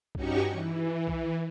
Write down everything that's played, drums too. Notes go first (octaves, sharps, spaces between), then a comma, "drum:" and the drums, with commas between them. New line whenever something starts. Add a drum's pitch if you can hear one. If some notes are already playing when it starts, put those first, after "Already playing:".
G2 C#4 D#4 F#4 G4 C#6, drum: kick B1
E3
drum: kick B1